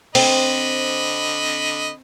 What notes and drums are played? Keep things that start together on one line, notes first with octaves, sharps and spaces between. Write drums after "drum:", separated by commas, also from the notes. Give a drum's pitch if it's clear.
D3 C4 D#5 B5, drum: open hi-hat